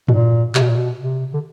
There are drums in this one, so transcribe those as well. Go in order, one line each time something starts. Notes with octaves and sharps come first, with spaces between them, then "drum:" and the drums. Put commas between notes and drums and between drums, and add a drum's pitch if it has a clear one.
B2, drum: tom G2
A#2
C3, drum: clap
B2
A#2
B2
C3
D3